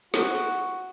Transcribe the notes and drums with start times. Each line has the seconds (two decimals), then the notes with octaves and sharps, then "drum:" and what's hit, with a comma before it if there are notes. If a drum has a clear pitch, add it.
0.14 F#4, drum: snare